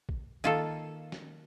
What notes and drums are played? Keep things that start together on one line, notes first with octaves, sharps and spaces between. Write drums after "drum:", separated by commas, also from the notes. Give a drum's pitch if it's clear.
drum: kick A#1
D#3 A#3 F4 A4
drum: snare